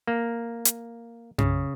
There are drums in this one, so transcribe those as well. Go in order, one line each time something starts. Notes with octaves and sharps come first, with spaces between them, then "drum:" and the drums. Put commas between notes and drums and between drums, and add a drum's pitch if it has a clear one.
A#3
drum: hi-hat
C#3, drum: tom F#2